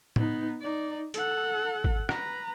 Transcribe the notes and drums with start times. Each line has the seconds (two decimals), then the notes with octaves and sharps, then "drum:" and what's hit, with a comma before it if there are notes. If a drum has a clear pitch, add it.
0.16 B3 D#4, drum: tom
0.62 D#4 D5
1.14 A4 F#5, drum: hi-hat
1.84 drum: kick
2.09 B4 A#5, drum: rim click